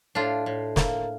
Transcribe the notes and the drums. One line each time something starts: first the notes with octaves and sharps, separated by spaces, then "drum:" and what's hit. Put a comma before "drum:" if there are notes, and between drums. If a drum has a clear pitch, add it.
A2 D4 F4
A2
A#3, drum: snare